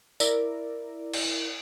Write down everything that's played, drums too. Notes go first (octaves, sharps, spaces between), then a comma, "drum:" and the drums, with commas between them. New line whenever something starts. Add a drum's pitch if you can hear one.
E4 A#4 D5, drum: tambourine
drum: cymbal